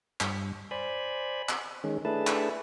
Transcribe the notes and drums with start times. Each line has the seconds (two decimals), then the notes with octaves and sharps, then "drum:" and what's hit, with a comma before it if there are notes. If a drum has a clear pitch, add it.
0.20 G2, drum: clap
0.71 C5 D5 G#5 B5
1.49 drum: clap
1.84 D#3 G#3 C#4
2.05 A3 D4 E4 G#4 B4 A5
2.27 drum: clap